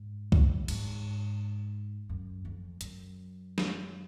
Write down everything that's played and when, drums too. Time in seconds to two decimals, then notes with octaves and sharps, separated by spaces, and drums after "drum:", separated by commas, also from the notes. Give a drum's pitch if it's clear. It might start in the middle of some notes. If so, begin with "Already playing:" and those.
Already playing: G#2
0.32 drum: kick C2
0.68 G#2, drum: cymbal
2.09 F#2
2.45 F2
2.81 F#2, drum: hi-hat
3.58 drum: snare